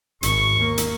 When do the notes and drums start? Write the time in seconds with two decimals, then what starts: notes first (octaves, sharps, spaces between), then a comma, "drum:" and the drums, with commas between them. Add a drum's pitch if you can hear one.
0.23 G#1 C#6, drum: hi-hat
0.57 D#2 A#3
0.78 drum: hi-hat